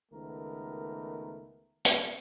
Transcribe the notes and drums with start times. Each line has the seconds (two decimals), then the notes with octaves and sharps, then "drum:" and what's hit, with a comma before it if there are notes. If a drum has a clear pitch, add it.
0.12 C#2 D#3 A3 B3 A#4
1.85 drum: hi-hat